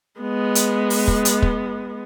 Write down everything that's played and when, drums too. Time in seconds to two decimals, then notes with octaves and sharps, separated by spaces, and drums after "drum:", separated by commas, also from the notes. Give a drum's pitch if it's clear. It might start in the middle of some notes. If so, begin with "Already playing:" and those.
0.20 G#3 B3
0.55 drum: hi-hat
0.90 drum: open hi-hat
1.08 drum: kick
1.25 drum: hi-hat
1.42 drum: kick